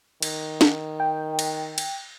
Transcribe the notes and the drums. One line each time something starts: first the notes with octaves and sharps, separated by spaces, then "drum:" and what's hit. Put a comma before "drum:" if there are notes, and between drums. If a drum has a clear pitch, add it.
D#3, drum: cymbal
drum: snare
G5
drum: cymbal
drum: cymbal